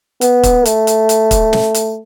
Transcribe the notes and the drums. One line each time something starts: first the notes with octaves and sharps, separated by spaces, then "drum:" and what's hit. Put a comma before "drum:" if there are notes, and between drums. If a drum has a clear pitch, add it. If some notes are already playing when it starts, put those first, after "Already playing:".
B3, drum: hi-hat
drum: kick, hi-hat
A3, drum: hi-hat
drum: hi-hat
drum: hi-hat
drum: kick, hi-hat
drum: snare
drum: hi-hat